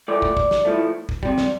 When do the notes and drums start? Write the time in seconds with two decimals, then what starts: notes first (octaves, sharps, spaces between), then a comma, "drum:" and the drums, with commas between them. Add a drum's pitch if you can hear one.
0.08 A2 F3 A3 D5
0.22 drum: kick
0.37 drum: kick
0.51 drum: snare
0.65 A2 F3 A3
1.09 drum: kick
1.23 C3 G3, drum: kick
1.38 drum: snare